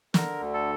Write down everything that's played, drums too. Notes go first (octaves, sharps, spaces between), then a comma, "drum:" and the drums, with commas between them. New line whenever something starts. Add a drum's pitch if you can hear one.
D3 A#4, drum: snare
D2
A4